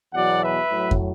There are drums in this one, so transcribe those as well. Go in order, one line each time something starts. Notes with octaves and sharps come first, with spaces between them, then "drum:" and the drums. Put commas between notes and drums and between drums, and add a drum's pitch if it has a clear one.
E2 B2 F#3 D5 F#5
B4 E5
A2 F#3
drum: kick F2